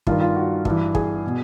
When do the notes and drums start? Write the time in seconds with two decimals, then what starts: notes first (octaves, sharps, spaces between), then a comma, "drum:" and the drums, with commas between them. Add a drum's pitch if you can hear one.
0.07 G2 D#3 F4, drum: kick
0.21 F4
0.36 F#4
0.65 G2 E3, drum: kick
0.95 G#4, drum: kick
1.27 B2